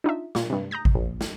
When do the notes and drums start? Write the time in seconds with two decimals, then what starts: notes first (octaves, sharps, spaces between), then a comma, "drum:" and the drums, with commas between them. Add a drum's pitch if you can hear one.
0.04 D4 D#4 F4 E5
0.35 A#2 C#6, drum: snare
0.50 G2 C3
0.71 A#5 D#6 G6 A#6
0.85 drum: kick G#1
0.95 A#1
1.21 drum: snare